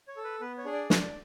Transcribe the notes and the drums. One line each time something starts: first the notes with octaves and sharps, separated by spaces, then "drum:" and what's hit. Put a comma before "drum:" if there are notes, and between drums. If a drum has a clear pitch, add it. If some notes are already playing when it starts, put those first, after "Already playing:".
C#5
A4
B4
B3 B4
C#5
D4 G#4
D5
D4, drum: snare